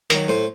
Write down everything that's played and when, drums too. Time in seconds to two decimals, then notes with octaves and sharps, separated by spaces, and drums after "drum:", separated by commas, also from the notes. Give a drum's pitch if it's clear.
0.10 D#3 F#3, drum: hi-hat
0.28 A2 C5